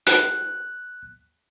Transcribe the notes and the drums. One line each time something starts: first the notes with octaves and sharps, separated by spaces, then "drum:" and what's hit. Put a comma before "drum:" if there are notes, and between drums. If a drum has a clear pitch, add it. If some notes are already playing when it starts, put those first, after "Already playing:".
F#6, drum: hi-hat